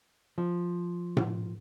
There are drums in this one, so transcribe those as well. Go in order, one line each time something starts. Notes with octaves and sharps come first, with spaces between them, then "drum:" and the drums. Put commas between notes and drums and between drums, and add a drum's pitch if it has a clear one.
F3
drum: tom A2